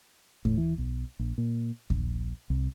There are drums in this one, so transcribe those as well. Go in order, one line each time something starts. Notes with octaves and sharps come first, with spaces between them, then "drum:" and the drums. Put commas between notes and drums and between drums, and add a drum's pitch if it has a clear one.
A2, drum: kick D#2
E3
B1
A#1
A#2
A#1, drum: kick D#2
C2